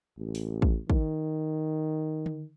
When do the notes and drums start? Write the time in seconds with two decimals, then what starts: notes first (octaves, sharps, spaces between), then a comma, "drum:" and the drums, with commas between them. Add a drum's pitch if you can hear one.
0.18 A1
0.35 drum: open hi-hat
0.62 drum: kick
0.90 D#3, drum: kick
2.26 drum: tom D3